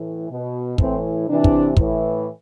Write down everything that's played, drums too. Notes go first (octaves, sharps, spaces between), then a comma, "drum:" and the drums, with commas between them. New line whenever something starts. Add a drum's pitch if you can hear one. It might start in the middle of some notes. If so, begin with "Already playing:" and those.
Already playing: A2 E3
B2
A2 E3 C4, drum: kick
C3 E3 D4
drum: kick
A2 E3, drum: kick